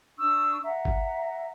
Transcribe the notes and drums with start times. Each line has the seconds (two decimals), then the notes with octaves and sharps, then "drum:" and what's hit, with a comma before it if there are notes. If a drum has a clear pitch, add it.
0.18 D4 C#6 D#6 E6
0.63 E5 F#5 A#5
0.85 drum: kick G1